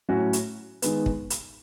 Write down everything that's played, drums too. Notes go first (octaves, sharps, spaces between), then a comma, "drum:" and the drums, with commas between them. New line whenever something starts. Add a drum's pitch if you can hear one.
A2 F#3 C#4 F#4
drum: hi-hat
D#3 G#3 B3, drum: hi-hat
drum: kick
drum: hi-hat